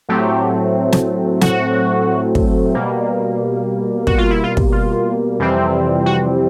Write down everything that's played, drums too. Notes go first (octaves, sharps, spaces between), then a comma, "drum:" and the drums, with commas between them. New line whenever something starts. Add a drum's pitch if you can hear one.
A2 F#3 A3 C4 G4
drum: snare
F#4, drum: snare
drum: kick
B2 G3 A#3
F#4, drum: kick
F4
E4
F4
drum: kick
F4
F2 C3 E3 G3 C4
F#4